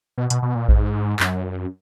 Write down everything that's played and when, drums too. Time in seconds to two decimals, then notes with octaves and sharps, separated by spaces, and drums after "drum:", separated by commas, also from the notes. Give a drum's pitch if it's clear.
0.18 B2
0.30 B2, drum: hi-hat
0.42 B2
0.55 A#2
0.69 G#2, drum: kick A#1
1.20 F#2, drum: clap